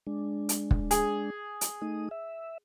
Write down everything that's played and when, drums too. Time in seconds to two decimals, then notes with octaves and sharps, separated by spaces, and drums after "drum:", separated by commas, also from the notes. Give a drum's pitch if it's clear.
0.07 G#3 D4
0.49 drum: hi-hat
0.71 drum: kick
0.91 G#4, drum: hi-hat
1.61 drum: hi-hat
1.82 A3 D#4 D#6
2.11 E5